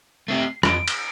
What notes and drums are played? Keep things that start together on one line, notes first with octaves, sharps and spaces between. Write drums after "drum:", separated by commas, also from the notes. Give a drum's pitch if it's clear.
A3 C4 G4 C7
F2 D7, drum: rim click
drum: cymbal